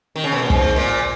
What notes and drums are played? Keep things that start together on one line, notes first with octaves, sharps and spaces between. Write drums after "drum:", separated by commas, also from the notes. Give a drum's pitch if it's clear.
D#3
C#3
B2
A#2
G#2, drum: kick
A#2